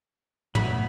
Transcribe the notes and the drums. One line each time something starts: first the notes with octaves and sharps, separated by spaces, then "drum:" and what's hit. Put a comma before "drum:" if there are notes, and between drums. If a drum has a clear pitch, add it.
F#3 A3 B3 B5, drum: tom